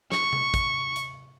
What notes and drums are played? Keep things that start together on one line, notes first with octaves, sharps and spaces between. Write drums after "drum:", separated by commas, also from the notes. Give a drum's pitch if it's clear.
C#6, drum: snare
drum: tom C3
drum: kick, hi-hat
drum: hi-hat